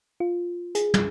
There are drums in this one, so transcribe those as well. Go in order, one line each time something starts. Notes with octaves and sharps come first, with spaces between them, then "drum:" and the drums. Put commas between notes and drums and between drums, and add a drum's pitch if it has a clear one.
F4
G#4, drum: hi-hat
drum: tom